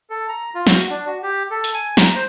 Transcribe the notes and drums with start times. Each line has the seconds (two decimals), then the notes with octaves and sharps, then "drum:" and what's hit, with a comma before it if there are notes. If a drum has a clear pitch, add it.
0.10 A4
0.29 A#5
0.55 F4
0.67 F#4, drum: snare
0.81 drum: hi-hat
0.90 D4
1.07 F#4
1.23 G4
1.51 A4
1.64 drum: hi-hat
1.74 G#5
1.97 A#5, drum: snare
2.16 C5